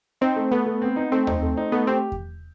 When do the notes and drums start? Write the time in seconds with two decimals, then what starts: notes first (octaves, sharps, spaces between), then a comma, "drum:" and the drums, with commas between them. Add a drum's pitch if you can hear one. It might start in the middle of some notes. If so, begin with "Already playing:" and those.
0.21 C4 D#4
0.36 A3
0.52 A3 B3
0.66 A3
0.82 C4
0.96 D#4
1.12 A3 C4
1.27 D#4, drum: tom D#2
1.42 A3
1.57 D#4
1.72 A3 B3
1.87 C4 G4
2.12 drum: kick E2